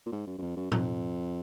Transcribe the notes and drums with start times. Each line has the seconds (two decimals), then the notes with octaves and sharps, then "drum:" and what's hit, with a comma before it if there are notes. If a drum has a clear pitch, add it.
0.06 A#2
0.12 G#2
0.27 F#2
0.38 F#2
0.42 F2
0.57 F#2
0.72 F2, drum: tom A2